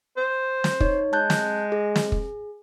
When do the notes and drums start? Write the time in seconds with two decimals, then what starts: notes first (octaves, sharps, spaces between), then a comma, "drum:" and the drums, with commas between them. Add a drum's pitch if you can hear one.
0.17 C5
0.64 drum: snare
0.80 D#4 C#5, drum: kick
1.13 G#3 A5 F#6 G6
1.30 drum: snare
1.72 G#4
1.96 drum: snare
2.12 drum: kick